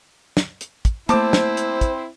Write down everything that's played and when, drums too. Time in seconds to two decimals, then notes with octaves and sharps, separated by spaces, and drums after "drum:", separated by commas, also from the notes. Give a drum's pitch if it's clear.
0.37 drum: snare
0.61 drum: hi-hat
0.85 drum: kick, hi-hat
1.09 A3 A#3 C4 E4 C5 A5 D6, drum: hi-hat
1.33 drum: snare
1.57 drum: hi-hat
1.81 drum: kick, hi-hat